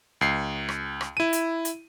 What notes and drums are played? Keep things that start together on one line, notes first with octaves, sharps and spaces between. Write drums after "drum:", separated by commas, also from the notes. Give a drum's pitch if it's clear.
C#2 C7
drum: rim click
drum: rim click
E4 D#7
drum: hi-hat
drum: hi-hat